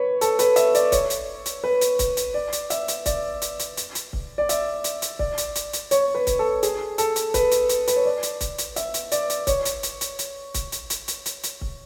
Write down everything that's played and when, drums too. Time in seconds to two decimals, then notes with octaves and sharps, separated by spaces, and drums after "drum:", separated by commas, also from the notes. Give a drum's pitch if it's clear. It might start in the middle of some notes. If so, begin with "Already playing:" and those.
Already playing: B4 C#5
0.21 A4, drum: hi-hat
0.39 B4, drum: hi-hat
0.56 E5, drum: hi-hat
0.75 D5, drum: hi-hat
0.92 C#5, drum: kick C#1, hi-hat
1.10 drum: hi-hat
1.46 drum: hi-hat
1.64 B4
1.81 drum: hi-hat
1.99 drum: kick C#1, hi-hat
2.17 drum: hi-hat
2.34 D5
2.53 drum: hi-hat
2.70 E5, drum: hi-hat
2.88 drum: hi-hat
3.06 D5, drum: kick C#1, hi-hat
3.42 drum: hi-hat
3.60 drum: hi-hat
3.77 drum: hi-hat
3.95 drum: hi-hat
4.13 drum: kick C#1
4.38 D5
4.49 E5, drum: hi-hat
4.84 drum: hi-hat
5.02 drum: hi-hat
5.19 D5, drum: kick C#1
5.38 drum: hi-hat
5.56 drum: hi-hat
5.73 drum: hi-hat
5.91 C#5, drum: hi-hat
6.15 B4
6.27 drum: kick C#1, hi-hat
6.39 A4
6.63 G#4, drum: hi-hat
6.98 A4, drum: hi-hat
7.16 drum: hi-hat
7.34 B4, drum: kick C#1, hi-hat
7.52 drum: hi-hat
7.69 drum: hi-hat
7.88 B4, drum: hi-hat
7.96 C#5
8.05 D5
8.23 drum: hi-hat
8.41 drum: kick C#1, hi-hat
8.58 drum: hi-hat
8.76 E5, drum: hi-hat
8.94 drum: hi-hat
9.12 D5, drum: hi-hat
9.30 drum: hi-hat
9.47 C#5, drum: kick C#1, hi-hat
9.65 drum: hi-hat
9.83 drum: hi-hat
10.01 drum: hi-hat
10.19 drum: hi-hat
10.54 drum: kick C#1, hi-hat
10.72 drum: hi-hat
10.90 drum: hi-hat
11.08 drum: hi-hat
11.26 drum: hi-hat
11.44 drum: hi-hat
11.61 drum: kick C#1